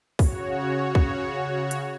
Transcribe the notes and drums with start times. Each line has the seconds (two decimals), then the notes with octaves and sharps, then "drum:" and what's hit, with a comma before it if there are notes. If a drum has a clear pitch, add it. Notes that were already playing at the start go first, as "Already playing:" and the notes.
0.19 C#3 F#4 C#5, drum: kick, open hi-hat
0.95 drum: kick
1.71 drum: hi-hat